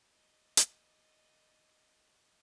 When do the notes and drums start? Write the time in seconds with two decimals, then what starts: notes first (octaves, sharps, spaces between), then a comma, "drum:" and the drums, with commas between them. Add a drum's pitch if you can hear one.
0.13 D5 D#5
0.57 drum: hi-hat